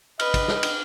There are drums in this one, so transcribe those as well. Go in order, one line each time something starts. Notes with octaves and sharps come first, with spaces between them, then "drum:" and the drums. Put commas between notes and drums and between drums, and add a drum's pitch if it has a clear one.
B4 D#5 F6, drum: cymbal
drum: kick, cymbal
drum: snare
drum: cymbal